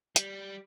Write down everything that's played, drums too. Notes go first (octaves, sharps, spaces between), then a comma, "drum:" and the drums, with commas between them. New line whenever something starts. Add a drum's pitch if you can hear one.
G3, drum: hi-hat